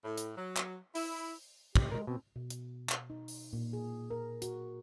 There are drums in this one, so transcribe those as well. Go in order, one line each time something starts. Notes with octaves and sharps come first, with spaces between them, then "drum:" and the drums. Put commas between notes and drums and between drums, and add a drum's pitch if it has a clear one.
A2
drum: hi-hat
F#3
drum: clap
E4, drum: open hi-hat
G4, drum: kick
G#3 A#4
B2 C4
B2
drum: hi-hat
drum: clap
D#4
drum: open hi-hat
A#2
G#4
A#4
F#4, drum: hi-hat